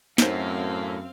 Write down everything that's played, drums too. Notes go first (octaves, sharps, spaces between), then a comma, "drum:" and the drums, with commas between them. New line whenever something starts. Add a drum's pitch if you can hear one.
F#2 A2 C4 D#4 C5 F5, drum: snare